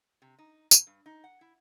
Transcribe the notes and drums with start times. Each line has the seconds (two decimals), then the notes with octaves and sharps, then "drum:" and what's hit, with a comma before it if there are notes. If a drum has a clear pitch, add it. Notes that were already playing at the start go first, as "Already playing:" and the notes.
0.22 C3
0.39 D#4
0.71 C3, drum: tambourine
0.87 G2
1.06 D#4
1.24 F#5
1.41 E4